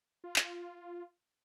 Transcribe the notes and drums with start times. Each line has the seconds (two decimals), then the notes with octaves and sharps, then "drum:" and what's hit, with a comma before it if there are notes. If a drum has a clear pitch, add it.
0.24 F4
0.36 drum: clap